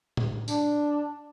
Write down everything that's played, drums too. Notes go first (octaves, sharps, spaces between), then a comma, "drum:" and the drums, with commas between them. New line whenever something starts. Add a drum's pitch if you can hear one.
drum: tom A2
D4, drum: tambourine